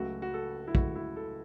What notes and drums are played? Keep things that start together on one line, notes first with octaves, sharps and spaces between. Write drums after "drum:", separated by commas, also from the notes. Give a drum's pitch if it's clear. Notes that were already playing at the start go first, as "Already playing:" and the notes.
Already playing: C#2 C#3 F#3 A3 F#4
F#4
A4
E4
C#2 C#3 F#3 A3 F#4, drum: kick
E4
A4